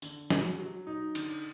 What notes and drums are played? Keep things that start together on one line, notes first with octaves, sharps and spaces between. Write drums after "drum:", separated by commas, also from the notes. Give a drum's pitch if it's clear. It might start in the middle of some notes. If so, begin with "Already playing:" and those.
D3, drum: tambourine
F#3, drum: snare
F#3
D#4
D3, drum: cymbal